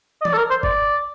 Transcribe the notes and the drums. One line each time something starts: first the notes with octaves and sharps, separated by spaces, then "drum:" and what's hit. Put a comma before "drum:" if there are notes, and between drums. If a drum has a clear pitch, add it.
D#5
D5, drum: tom E3
A4
A#4
C5
D5, drum: kick G1